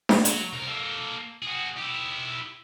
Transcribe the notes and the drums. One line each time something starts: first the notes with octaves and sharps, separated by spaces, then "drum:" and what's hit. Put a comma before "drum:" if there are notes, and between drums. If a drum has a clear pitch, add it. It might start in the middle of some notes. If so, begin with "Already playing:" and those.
drum: snare D4
F#3, drum: hi-hat
C2 A#4
A#3 A4
F#4 G#4
E4 G4